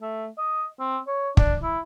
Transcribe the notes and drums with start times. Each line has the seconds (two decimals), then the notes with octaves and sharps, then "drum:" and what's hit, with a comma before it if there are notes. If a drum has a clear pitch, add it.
0.02 A3
0.38 D#5
0.79 C4
1.07 C#5
1.37 D4, drum: kick
1.63 E4